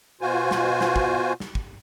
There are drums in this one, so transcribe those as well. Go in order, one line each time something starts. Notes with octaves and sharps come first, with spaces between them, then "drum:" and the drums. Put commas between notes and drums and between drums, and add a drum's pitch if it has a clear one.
B2 F4 F#4 C5 G#5
drum: snare
drum: snare
drum: kick
drum: snare
drum: kick